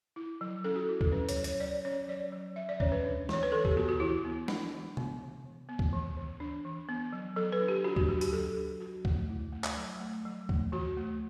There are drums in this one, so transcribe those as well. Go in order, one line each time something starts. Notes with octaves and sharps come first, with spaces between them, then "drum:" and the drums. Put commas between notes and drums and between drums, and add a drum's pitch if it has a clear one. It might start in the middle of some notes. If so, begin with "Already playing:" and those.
E4
F#3
C#4 A4
F#4
E4
A4, drum: kick D2
C#4 B4
C#5, drum: hi-hat
F#3
C#5, drum: hi-hat
F#3 D5
C#4 C#5
F#3 D5
F#3
F#3 E5
D5
C#4 C#5, drum: kick D2
B4
D4
E3 C#5, drum: snare G#3
B4
E3 A4
G4, drum: kick D2
B3 F#4
F#4
E3 E4
B3
D4, drum: snare G#3
E3
B3, drum: tom
E3
E3
B3
drum: kick D2
E3
E3
D4
E3
B3
F#3
F#3 A4
B4
D4
G4
D4 F#4
F#4, drum: kick D2
F#3 F#4
G4, drum: hi-hat
F#3 A4
D4
F#3 F#4
A3, drum: kick D2
E4
A3
drum: clap
F#3
A3
F#3
A3, drum: kick D2
E3 F#4
A3